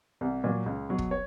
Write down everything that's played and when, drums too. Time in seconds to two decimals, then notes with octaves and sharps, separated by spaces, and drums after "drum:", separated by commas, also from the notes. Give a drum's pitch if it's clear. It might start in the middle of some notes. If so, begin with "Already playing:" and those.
0.21 C2
0.44 A#2 F#3
0.66 C#2
0.89 B2 F#3
0.98 drum: kick
1.11 C#5